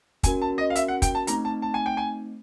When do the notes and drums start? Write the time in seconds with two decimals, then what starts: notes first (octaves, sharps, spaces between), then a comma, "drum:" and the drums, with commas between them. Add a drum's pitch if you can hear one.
0.23 A#3 C#4 F#4 A#4 G#5, drum: kick, hi-hat
0.42 A5
0.58 D#5
0.70 F5
0.75 E5, drum: hi-hat
0.88 F#5
1.02 G5, drum: kick, hi-hat
1.15 A5
1.27 A3 C4 D#4 A#5, drum: hi-hat
1.45 A5
1.62 A5
1.74 G#5
1.86 G5
1.97 G#5